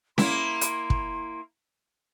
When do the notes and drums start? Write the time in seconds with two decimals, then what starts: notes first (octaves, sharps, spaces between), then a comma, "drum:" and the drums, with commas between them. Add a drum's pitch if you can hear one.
0.18 A#3 E4 C6, drum: snare C#4
0.61 drum: hi-hat
0.90 drum: kick